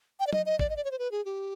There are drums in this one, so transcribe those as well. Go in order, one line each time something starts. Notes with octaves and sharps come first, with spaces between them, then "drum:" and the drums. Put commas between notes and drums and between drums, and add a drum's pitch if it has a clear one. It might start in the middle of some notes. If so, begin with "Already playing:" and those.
G5
D5
D#5, drum: tom
D#5
D5, drum: kick A1
D#5
D5
C#5
C5
B4
G#4
G4